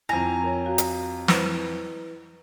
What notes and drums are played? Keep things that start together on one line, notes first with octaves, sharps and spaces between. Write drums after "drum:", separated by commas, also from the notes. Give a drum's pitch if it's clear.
F2 E4 G#5 A#5
F4 A#4 C#5
F#4 F5
drum: hi-hat
E4 B4 C5, drum: snare